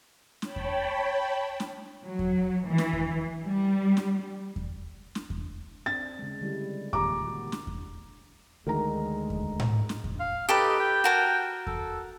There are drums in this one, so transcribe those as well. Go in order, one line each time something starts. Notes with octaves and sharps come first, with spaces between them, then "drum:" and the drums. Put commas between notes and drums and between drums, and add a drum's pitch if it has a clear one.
C#5 G5 A5 B5, drum: snare
drum: kick E2
drum: snare
F#3
drum: kick E2
E3
drum: snare
drum: kick E2
G3
drum: snare
drum: kick E2
drum: snare
drum: kick E2
C4 D4 A6
C#3 G#3
D3 G3 E4
A#2 D#3 G4 A#5 D6, drum: kick E2
A#3 F#4
drum: snare
drum: kick E2
D2 D#3 G#3 A#4 A#5
drum: kick E2
drum: tom A2
drum: snare
drum: kick E2
F5
D#4 G4 A4 B4
G5
F#4 A#4 A5
A4, drum: kick E2